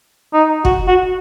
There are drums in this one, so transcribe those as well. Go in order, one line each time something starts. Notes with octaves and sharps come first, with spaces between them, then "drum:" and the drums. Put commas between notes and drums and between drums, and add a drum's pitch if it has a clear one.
D#4
F#4, drum: kick
F#4